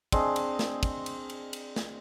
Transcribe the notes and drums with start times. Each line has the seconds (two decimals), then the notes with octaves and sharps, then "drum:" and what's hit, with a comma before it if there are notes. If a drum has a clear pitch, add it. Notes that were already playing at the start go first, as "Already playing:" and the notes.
0.12 C4 D4 G#4 D#5, drum: kick, cymbal
0.36 drum: cymbal
0.59 drum: snare
0.83 drum: kick, cymbal
1.06 drum: cymbal
1.30 drum: cymbal
1.53 drum: cymbal
1.76 drum: snare